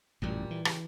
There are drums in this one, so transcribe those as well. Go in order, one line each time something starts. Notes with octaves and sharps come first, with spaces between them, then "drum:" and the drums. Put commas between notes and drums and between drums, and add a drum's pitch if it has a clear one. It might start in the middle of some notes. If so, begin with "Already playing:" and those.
A1 F#2 A#2 G3
E3
C#3 G4, drum: rim click